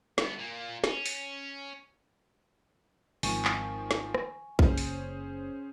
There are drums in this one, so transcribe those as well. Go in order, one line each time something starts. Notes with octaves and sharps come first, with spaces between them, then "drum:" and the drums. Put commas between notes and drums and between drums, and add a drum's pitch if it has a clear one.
G2 B3, drum: snare
A#2 A#3
C#4, drum: snare
drum: open hi-hat
G#1 D#3 F3 G#5 C#6, drum: open hi-hat
drum: clap
drum: snare
drum: rim click
F#1 C#4 G#4 C5, drum: kick B1
drum: open hi-hat